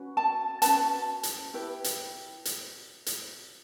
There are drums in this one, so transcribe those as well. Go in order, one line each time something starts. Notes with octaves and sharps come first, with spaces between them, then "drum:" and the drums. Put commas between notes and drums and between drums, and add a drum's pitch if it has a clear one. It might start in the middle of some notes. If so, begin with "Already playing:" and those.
Already playing: C#4 F#4 B4
A5
C#4 F#4 B4 A5, drum: hi-hat
drum: hi-hat
E4 G4 B4
drum: hi-hat
drum: hi-hat
drum: hi-hat